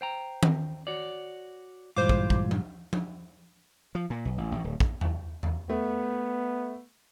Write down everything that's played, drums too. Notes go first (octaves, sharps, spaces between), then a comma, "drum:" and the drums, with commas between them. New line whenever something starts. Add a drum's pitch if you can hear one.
C5 G5 A#5
drum: tom D#3
F#4 C#5 D5
G2 A#2 E3 G3 G#3 F4 C5 D6
drum: kick
drum: kick
drum: tom F3
drum: tom F3
F3
A#2
B1
A1
A1
D1
drum: kick
drum: tom E2
drum: tom E2
A3 B3